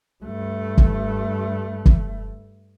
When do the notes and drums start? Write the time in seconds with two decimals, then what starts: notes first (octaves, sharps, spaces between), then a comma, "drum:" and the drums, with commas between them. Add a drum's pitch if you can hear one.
0.24 G2 A3
0.78 drum: kick F#1
1.86 drum: kick F#1